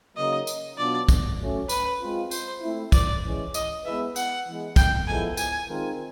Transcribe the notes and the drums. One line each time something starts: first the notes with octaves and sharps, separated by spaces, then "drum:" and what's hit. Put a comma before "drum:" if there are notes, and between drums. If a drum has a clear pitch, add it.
C#3 F#3 A#3 D#4 D#5
drum: tambourine
B2 F#3 B3 D4 F4 D5
drum: kick, tambourine
F#3 A3 C#4
B4, drum: tambourine
G#3 C4 F4
C5, drum: tambourine
A3 C4 E4
D5, drum: kick, tambourine
E3 G#3 C#4
D#5, drum: tambourine
G#3 B3 E4 G#4 B4 E5
F#5, drum: tambourine
E3 G#3 B3
G5, drum: kick, tambourine
F3 G#3 B3 E4 A4 G#5
G#5, drum: tambourine
D#3 G#3 C4 F4 A#4